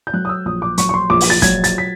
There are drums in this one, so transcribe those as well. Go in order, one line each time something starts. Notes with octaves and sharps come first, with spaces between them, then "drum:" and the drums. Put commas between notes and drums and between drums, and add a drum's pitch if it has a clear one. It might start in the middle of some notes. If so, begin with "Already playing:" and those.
G6
F#3 F#6
D#6
E6
A#1 D#6
D6
F#3 C#6, drum: hi-hat
C#6
C6
A#1 D6
drum: open hi-hat
A6
F#3 G#6, drum: kick, hi-hat
A6, drum: hi-hat
B6